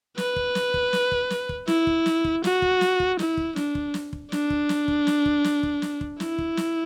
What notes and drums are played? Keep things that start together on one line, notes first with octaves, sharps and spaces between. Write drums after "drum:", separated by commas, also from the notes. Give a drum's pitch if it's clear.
B4, drum: snare
drum: kick
drum: snare
drum: kick
drum: snare
drum: kick
drum: snare
drum: kick
E4, drum: snare
drum: kick
drum: snare
drum: kick
F#4, drum: snare
drum: kick
drum: snare
drum: kick
E4, drum: snare
drum: kick
D4, drum: snare
drum: kick
drum: snare
drum: kick
D4, drum: snare
drum: kick
drum: snare
drum: kick
drum: snare
drum: kick
drum: snare
drum: kick
drum: snare
drum: kick
E4, drum: snare
drum: kick
drum: snare